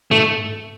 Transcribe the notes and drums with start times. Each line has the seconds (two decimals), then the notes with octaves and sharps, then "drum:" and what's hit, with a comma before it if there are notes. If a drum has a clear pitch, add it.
0.11 A3, drum: tom G#2